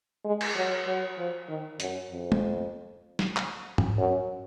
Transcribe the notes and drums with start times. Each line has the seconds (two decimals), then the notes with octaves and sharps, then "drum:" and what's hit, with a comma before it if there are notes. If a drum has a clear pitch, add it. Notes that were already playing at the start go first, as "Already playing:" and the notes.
0.25 G#3
0.41 drum: cymbal
0.55 F#3
0.87 F#3
1.18 F3
1.48 D#3
1.80 F#2, drum: hi-hat
2.11 F2
2.32 drum: tom
3.19 drum: snare
3.37 drum: clap
3.78 drum: tom
3.98 F#2